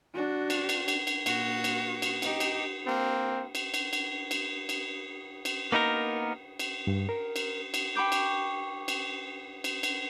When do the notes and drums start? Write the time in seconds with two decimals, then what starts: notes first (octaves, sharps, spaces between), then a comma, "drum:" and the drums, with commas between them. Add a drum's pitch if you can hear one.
0.14 D4 F#4
0.50 drum: cymbal
0.69 drum: cymbal
0.88 drum: cymbal
1.07 drum: cymbal
1.26 A#2 F#4, drum: cymbal
1.64 drum: cymbal
2.02 drum: cymbal
2.22 D#4 G4, drum: cymbal
2.40 drum: cymbal
2.86 A#3 C4
3.55 drum: cymbal
3.74 drum: cymbal
3.93 drum: cymbal
4.31 drum: cymbal
4.69 drum: cymbal
5.45 drum: cymbal
5.72 A#3 B3 D#4 A4 A#4
6.59 drum: cymbal
6.87 G2
7.09 A#4
7.36 drum: cymbal
7.74 drum: cymbal
7.95 G5 B5 C#6 D6 G6
8.12 drum: cymbal
8.88 drum: cymbal
9.64 drum: cymbal
9.83 drum: cymbal